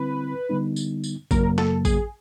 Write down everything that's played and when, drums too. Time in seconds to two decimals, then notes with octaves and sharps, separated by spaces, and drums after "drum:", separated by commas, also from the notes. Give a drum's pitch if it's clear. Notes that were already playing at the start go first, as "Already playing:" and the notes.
Already playing: D3 G3 C4 E4 B4
0.49 D3 G3 B3 D#4
0.76 drum: tambourine
1.04 drum: tambourine
1.31 F#2 C#3 F#3 A#3 A#4, drum: kick A1, tambourine
1.58 A4, drum: snare
1.85 G#4, drum: kick A1, tambourine